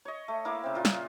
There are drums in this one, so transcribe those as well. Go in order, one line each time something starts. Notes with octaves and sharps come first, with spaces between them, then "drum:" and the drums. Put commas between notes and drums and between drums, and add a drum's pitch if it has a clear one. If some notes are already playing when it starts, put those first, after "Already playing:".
C#5 D#5
A3
A#3 E4 F5 D6
C#3 C4
A#2 F4
drum: snare